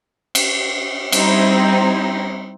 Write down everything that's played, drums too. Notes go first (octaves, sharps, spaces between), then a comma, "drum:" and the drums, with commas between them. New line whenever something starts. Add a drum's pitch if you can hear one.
drum: cymbal
G3 C4 D#4 E4, drum: cymbal